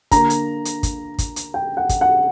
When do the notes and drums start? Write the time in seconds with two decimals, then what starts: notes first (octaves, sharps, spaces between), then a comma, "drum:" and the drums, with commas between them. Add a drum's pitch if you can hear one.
0.12 D3 A#3 A#5, drum: kick, hi-hat
0.30 drum: hi-hat
0.65 drum: hi-hat
0.83 drum: kick, hi-hat
1.18 drum: kick, hi-hat
1.36 drum: hi-hat
1.54 G5
1.77 F#5
1.89 drum: kick, hi-hat
2.01 F#5